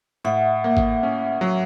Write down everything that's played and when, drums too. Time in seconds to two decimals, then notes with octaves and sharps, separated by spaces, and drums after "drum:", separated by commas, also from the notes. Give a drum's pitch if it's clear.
0.24 A2 E5 F#5
0.64 A#3
0.77 drum: kick G#1
1.03 C#4
1.41 F#3